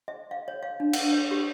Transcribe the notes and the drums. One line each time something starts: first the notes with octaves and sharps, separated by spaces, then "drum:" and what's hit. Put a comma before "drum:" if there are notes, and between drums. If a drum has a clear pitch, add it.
E5
F5
C#5
F5
D4
F#5, drum: cymbal
C#5
G4